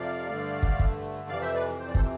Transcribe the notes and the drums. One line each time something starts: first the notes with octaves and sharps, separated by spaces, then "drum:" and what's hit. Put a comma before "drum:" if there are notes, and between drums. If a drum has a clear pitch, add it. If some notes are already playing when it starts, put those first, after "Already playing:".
Already playing: F2 C3 F3 D5 F5
G2 D3 A3
drum: kick
drum: kick
F2 C3 E3 D5 F5
C5 E5
B4 D5
C5
D5
A4 C5, drum: kick